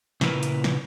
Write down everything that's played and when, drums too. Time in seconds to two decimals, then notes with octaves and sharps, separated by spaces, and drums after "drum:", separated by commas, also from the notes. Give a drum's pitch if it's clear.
0.21 A#2 C#3 E4 A#4 B4, drum: snare
0.43 drum: hi-hat
0.64 drum: snare